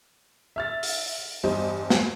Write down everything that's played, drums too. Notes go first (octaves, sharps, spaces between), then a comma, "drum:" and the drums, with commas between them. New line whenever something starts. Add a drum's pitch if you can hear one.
E5 F6 A6
drum: open hi-hat
E2 G2 G3 C5 D#5
drum: snare